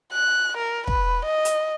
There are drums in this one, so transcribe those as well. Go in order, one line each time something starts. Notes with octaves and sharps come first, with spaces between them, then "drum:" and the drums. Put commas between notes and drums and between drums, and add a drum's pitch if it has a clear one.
F#6
A#4
B4, drum: kick
D#5
drum: hi-hat